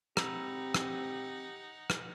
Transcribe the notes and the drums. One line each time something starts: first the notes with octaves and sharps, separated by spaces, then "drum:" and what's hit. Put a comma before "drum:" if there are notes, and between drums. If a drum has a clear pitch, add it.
C4 D#4 G4 F#5 A#5 B5 E6, drum: rim click
drum: rim click
drum: rim click